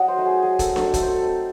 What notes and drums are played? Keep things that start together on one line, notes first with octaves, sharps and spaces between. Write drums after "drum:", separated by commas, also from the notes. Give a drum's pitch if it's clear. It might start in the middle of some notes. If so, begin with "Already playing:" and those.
Already playing: F#3 D#5 F#5
C5
A3 D#4
G#4
F#3 G#4
A4, drum: kick, hi-hat
A3 D#4
A4, drum: snare D4
A3 A4, drum: kick, hi-hat
C5
A4
C4 D#4